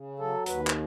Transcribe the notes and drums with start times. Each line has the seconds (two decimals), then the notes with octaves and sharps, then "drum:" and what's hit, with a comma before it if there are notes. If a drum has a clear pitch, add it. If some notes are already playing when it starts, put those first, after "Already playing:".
Already playing: C#3
0.19 F#3 A4
0.46 D#2 B4, drum: hi-hat
0.67 drum: clap